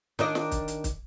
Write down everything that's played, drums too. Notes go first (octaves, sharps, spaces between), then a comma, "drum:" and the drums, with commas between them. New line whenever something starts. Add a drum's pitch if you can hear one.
D#3 D4 D#5, drum: snare
drum: snare
drum: kick, hi-hat
drum: hi-hat
drum: kick, hi-hat